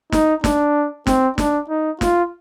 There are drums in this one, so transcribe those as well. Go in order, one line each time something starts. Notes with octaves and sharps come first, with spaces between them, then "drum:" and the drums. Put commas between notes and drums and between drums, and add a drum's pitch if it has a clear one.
D#4, drum: snare
D4, drum: snare
C4, drum: snare
D4, drum: snare
D#4
F4, drum: snare